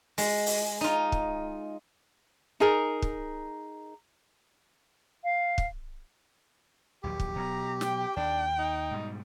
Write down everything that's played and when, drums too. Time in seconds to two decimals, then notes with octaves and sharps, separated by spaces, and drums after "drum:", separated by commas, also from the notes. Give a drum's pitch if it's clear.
0.18 G#3, drum: open hi-hat
0.46 drum: open hi-hat
0.81 D#4 F4
1.12 drum: kick
2.60 D#4 G#4 A#4
3.02 drum: kick
5.23 F5
5.58 drum: kick
7.04 A#1 D#2 F#3 G4
7.20 drum: kick
7.36 B2 F#3 B3 A#5
7.81 G5, drum: snare
8.17 D#2 D4 G5
8.58 D#4
8.91 G#2 B2 G3